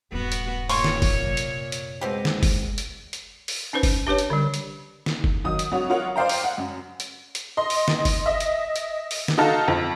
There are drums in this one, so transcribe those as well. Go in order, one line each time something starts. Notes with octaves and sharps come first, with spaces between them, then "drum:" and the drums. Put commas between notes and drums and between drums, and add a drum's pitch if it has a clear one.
D#1 G2 B3 F#4
drum: hi-hat
A#2 G3 C#5 C6 C#6, drum: open hi-hat
drum: snare
drum: kick G1, open hi-hat
F#2 C3
drum: hi-hat
drum: hi-hat
B2 G#3 C4 G4
drum: snare
drum: kick G1, open hi-hat
drum: hi-hat
drum: hi-hat
drum: open hi-hat
C#4 D#4 B4 C5
drum: kick G1, open hi-hat
D4 G4 B4 C#5
drum: hi-hat
D3 G3
drum: hi-hat
drum: snare
drum: kick G1
D#3 F#3 D#6
drum: hi-hat
F2 F#3 D4 F#4 C#5
F4 A#4 C#5 F#5
C5 D5 F5 G5 A#5
drum: open hi-hat
F#5
F#2
drum: hi-hat
drum: hi-hat
D#5 C6
drum: open hi-hat
drum: snare
drum: kick G1, open hi-hat
D#5 E5
drum: hi-hat
drum: hi-hat
drum: open hi-hat
drum: snare
D#4 F#4 A4 F5 A5
F2